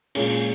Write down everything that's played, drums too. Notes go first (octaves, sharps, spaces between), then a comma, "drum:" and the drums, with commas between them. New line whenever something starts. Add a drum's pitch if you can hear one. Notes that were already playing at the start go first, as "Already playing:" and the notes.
A#2 G#3 C#4, drum: cymbal